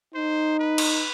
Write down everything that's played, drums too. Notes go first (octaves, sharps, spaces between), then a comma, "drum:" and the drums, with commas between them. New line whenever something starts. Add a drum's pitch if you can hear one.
D#4 C5
B4
drum: cymbal